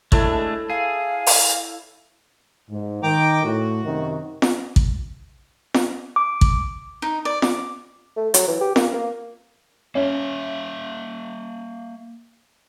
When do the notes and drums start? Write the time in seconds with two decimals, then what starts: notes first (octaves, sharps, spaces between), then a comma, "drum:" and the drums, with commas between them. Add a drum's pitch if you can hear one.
0.12 G#3 A3 D4 E4 A4 C#5, drum: kick
0.70 G#4 F5
1.26 drum: open hi-hat
2.71 G#2
3.03 D#3 G5 A#5 D6
3.44 A2 F#4
3.84 F#2 C3 D#3
4.42 drum: snare
4.76 drum: kick
5.74 drum: snare
6.16 D6
6.41 drum: kick
7.02 D#4
7.25 D5
7.42 D6, drum: snare
8.17 A3
8.34 F#3, drum: hi-hat
8.48 E3
8.61 G4
8.76 A#3, drum: snare
8.94 A#3
9.95 A#3 C#4 E5